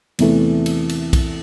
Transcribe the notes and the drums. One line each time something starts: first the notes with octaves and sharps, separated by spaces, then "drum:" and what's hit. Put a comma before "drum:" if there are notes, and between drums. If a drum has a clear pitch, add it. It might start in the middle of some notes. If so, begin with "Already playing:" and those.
E2 C3 E3 A3, drum: cymbal
drum: cymbal
drum: cymbal
drum: kick B1, cymbal